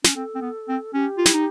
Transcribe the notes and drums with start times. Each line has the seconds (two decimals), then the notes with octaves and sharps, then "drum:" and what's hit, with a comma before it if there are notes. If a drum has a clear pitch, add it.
0.04 C#4, drum: snare
0.15 C4 A4
0.35 C4
0.42 B3
0.69 C4
0.94 C#4 G4
1.18 F4
1.26 E4, drum: snare
1.34 D#4